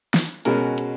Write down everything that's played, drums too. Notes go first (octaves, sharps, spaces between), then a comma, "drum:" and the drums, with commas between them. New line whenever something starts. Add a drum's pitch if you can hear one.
drum: snare
B2 G#3 C#4 F#4 A#4, drum: hi-hat
drum: hi-hat